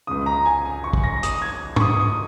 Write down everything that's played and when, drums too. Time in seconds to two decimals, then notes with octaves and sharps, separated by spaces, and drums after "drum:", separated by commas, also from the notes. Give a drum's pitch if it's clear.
0.07 C#2 C#3 D#6
0.26 A#5
0.45 G#5
0.66 G#5
0.84 C#6
0.93 drum: kick
1.04 A#6
1.23 D#6, drum: hi-hat
1.42 G#6
1.76 C#6, drum: tom G#2
1.81 D#6
2.00 D#6